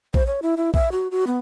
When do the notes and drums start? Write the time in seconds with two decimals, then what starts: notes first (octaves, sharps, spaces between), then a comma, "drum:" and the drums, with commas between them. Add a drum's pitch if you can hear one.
0.14 C5, drum: kick A#1
0.27 C#5
0.42 E4
0.57 E4
0.74 E5, drum: kick A#1
0.92 F#4
1.11 F#4
1.27 B3